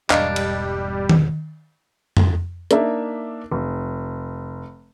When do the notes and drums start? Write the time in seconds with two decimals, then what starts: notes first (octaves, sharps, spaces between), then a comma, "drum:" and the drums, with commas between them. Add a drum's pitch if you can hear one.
0.10 E1 E2 G#2 G3 D4 A#4 D#5 F5, drum: clap
0.36 drum: cymbal
1.09 drum: tom D#3
2.17 drum: tom
2.71 A#3 D4 D#4 E5, drum: hi-hat
3.52 F1